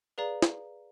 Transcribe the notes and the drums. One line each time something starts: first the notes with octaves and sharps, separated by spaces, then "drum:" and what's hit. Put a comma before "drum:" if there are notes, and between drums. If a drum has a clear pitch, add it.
G#4 B4 D5 F5 A#5
drum: snare